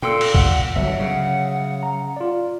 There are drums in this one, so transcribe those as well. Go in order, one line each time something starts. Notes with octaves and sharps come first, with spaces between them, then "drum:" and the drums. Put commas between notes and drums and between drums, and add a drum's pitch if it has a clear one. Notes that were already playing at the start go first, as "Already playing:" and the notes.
A#2 A4 G5 C6 E6
drum: cymbal
F#5, drum: kick C2
G1 F#3 E5
C#3
A#5
F4 D5